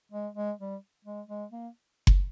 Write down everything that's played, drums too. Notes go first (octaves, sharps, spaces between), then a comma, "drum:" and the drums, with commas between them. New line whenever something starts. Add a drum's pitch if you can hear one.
G#3
G#3
G3
G#3
G#3
A#3
drum: kick F#1